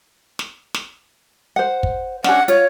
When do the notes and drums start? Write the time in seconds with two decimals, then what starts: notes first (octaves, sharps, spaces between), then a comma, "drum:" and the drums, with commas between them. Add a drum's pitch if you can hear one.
0.39 drum: snare
0.74 drum: snare
1.56 C5 F#5
1.83 drum: kick
2.24 C#4 D4 G#4 F#5, drum: snare
2.48 F4 C#5, drum: hi-hat